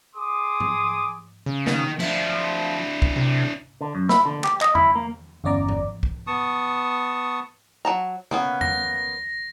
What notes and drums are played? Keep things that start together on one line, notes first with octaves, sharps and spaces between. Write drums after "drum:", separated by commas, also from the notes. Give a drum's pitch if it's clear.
G#4 C6 D6 D#6
drum: tom G#2
C#3
D#3, drum: snare
F3 D4 E4, drum: cymbal
drum: kick B1
C3
D3
F#2
E4, drum: snare
D3
G4, drum: clap
D#5, drum: clap
E4, drum: tom E2
A#3
G1 E2 C#4 D5 A#5 D6
drum: tom G#2
drum: kick B1
B3 A5 C#6 D#6
F#3 A5 A#5
A#3 B3 C#4, drum: tom C#3
A#6, drum: tom E2